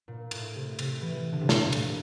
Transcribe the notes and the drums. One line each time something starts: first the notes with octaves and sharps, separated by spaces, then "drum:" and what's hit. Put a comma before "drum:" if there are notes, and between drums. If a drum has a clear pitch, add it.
A#2
A2, drum: cymbal
C3
C3, drum: cymbal
E3
D3
C3
A#2, drum: snare
A2
A#2, drum: cymbal